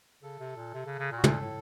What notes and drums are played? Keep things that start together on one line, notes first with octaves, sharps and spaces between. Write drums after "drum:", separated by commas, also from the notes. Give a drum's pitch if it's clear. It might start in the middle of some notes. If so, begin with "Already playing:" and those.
C#3 A4
C3
A#2
C3
C#3
C#3
A#2
F#4
A#2 A4, drum: tom
A2